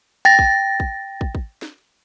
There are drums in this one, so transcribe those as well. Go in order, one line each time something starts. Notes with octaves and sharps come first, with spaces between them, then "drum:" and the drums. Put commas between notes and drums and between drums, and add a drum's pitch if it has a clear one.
G5 A6 A#6
drum: kick
drum: kick
drum: kick
drum: kick
drum: snare